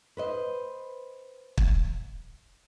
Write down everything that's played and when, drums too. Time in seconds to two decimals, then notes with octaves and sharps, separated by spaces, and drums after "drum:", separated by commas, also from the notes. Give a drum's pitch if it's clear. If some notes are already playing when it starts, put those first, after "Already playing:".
0.17 B4 C5 D#5
1.58 drum: kick